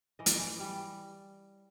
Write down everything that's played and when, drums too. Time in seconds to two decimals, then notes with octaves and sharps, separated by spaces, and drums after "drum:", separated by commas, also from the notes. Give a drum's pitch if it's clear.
0.19 E3 D#5
0.26 D5, drum: hi-hat
0.33 C#5 D#5
0.39 E3
0.60 G3